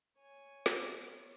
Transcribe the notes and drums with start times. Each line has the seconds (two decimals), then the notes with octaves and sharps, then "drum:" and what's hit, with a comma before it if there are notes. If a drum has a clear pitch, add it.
0.19 C#5 G#5
0.66 drum: snare
0.95 B3 C#5